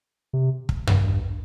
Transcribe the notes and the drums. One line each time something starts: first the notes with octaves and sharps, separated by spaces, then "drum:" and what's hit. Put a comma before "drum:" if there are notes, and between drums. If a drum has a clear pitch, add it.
C3
drum: kick
G2, drum: tom